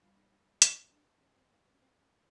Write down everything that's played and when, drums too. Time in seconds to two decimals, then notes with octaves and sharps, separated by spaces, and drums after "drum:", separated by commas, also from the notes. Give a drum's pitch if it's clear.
0.01 B2 G3 A#3 F4
0.17 D#4
0.31 D#4
0.47 D4
0.62 D#4, drum: hi-hat
0.92 D4
1.21 C#4
1.36 C4
1.51 A#3
1.65 B3
1.73 C#4
1.81 C4
2.00 C#4